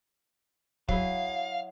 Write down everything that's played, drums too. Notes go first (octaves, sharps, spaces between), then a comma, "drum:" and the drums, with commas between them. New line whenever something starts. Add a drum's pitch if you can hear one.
F#3 E4 G#4 F5, drum: kick